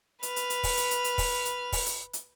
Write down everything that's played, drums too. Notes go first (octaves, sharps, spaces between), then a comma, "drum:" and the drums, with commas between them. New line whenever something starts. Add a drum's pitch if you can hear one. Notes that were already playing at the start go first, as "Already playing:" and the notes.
B4 F6, drum: hi-hat
drum: hi-hat
drum: hi-hat
drum: kick, open hi-hat
drum: hi-hat
drum: hi-hat
drum: hi-hat
drum: kick, open hi-hat
drum: hi-hat
drum: kick, open hi-hat
drum: hi-hat
drum: hi-hat